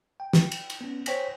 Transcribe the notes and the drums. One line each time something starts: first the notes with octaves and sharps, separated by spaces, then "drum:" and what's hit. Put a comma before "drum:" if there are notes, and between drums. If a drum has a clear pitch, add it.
G5
drum: snare
drum: cymbal
drum: cymbal
B3 C#4
C5 C#5 G5 G#5 A#6 B6, drum: cymbal